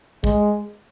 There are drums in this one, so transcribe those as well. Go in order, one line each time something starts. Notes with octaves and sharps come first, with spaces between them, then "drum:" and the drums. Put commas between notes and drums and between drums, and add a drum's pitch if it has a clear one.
G#3, drum: kick